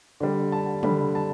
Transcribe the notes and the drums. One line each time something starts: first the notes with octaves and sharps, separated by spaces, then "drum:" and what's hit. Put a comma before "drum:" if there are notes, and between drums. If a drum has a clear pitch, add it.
D3 G3
A5
D3 G3 B5, drum: tom
A5